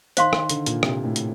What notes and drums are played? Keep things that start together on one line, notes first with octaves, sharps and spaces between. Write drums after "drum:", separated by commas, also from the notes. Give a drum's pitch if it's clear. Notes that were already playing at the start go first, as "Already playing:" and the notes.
D#3 C5 F5 C6, drum: hi-hat
D#3, drum: rim click
D3, drum: hi-hat
A#2, drum: hi-hat
C3, drum: rim click
A2
drum: hi-hat